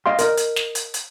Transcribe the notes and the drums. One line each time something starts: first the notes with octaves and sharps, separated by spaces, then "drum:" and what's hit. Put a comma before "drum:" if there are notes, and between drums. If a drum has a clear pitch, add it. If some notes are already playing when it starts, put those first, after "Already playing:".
D#5 F5 C6
A#4 D#5, drum: hi-hat
drum: hi-hat
drum: snare
drum: hi-hat
drum: hi-hat